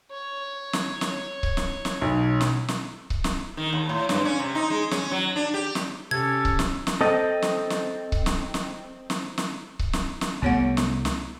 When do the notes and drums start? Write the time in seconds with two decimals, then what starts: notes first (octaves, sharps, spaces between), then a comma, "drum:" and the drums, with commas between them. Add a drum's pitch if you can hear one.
0.11 C#5
0.73 drum: snare
1.01 drum: snare
1.43 drum: kick C#1
1.57 drum: snare
1.85 drum: snare
2.01 B1
2.41 drum: snare
2.68 drum: snare
3.10 drum: kick C#1
3.24 drum: snare
3.57 D#3
3.73 D#2
3.89 A2
4.09 G2, drum: snare
4.25 C#4
4.39 C3
4.55 D#4
4.70 G#3
4.91 C#4, drum: snare
5.11 F#3
5.36 D4
5.54 G4
5.75 drum: snare
6.11 C3 C#4 G4 A4 G#6
6.45 drum: kick C#1
6.59 drum: snare
6.87 drum: snare
7.01 C4 A4 D#5
7.42 drum: snare
7.70 drum: snare
8.12 drum: kick C#1
8.26 drum: snare
8.54 drum: snare
9.10 drum: snare
9.38 drum: snare
9.79 drum: kick C#1
9.93 drum: snare
10.21 drum: snare
10.42 C2 C3 A3 B3 C#5 F#5
10.77 drum: snare
11.05 drum: snare